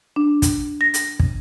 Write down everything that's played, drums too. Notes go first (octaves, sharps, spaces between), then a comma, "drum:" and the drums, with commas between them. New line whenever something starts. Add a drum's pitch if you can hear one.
D4
drum: kick, hi-hat
A#6
drum: hi-hat
drum: kick